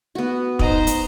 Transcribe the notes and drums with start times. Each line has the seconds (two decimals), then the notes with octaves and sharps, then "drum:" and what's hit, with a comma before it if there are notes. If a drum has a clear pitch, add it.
0.15 B3 F#4
0.59 D#4 C5 D#5 A#5, drum: kick
0.87 drum: hi-hat